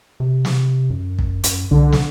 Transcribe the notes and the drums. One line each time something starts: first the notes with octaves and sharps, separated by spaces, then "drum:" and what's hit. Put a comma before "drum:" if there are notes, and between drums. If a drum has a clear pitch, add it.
C3
drum: snare
F#2
drum: kick
F#2, drum: hi-hat
C2 D3
drum: snare